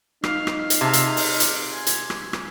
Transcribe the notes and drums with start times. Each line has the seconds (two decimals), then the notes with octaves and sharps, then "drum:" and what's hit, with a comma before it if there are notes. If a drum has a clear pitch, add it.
0.24 D#4 F5, drum: rim click
0.47 drum: rim click
0.70 drum: hi-hat
0.81 C3 G#4 F5
0.93 drum: hi-hat
1.17 drum: open hi-hat
1.40 drum: hi-hat
1.72 G#5
1.87 drum: hi-hat
2.10 drum: rim click
2.33 drum: rim click